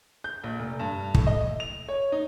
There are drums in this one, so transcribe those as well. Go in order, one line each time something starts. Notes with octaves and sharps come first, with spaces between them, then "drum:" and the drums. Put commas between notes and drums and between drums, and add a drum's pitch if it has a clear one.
G6
A#1
F1
G2
A2, drum: kick
D#5
F7
C#5
D#4